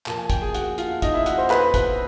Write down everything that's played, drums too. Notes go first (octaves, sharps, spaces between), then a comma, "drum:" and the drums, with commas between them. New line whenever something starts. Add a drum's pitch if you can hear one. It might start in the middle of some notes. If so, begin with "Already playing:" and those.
A#2 F3 A#3 A5, drum: clap
G#5
G5, drum: kick, hi-hat
G#4 G#5
F#4 F#5, drum: hi-hat
F4 F5, drum: hi-hat
D#4 D#5, drum: kick, hi-hat
E4 E5
F#4 F#5, drum: hi-hat
C5 C6
B4 B5, drum: clap
B4 B5, drum: kick, hi-hat